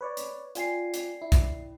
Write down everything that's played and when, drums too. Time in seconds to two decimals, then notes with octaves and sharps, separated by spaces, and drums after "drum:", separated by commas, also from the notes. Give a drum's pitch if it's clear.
0.01 B4 C#5 D5
0.17 drum: hi-hat
0.55 F4 D5 G5 G#5 C7, drum: hi-hat
0.94 drum: hi-hat
1.22 E4
1.32 drum: kick B1, hi-hat